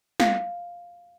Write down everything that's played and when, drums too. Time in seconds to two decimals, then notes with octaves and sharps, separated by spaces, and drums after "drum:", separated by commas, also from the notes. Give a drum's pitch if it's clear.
0.20 F5, drum: snare